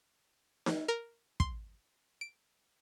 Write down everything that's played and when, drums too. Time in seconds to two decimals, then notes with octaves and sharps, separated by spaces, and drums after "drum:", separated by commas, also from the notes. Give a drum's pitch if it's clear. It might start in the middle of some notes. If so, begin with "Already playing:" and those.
0.66 drum: snare D#4
0.88 A#4
1.40 C6, drum: kick
2.21 D7